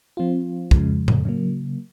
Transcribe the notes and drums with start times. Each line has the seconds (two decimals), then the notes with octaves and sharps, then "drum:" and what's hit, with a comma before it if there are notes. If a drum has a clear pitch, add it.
0.17 F3 C4 F4
0.71 F2 C#3 F3 G#3, drum: kick
1.08 drum: tom A2
1.25 C#3 F#3 A#3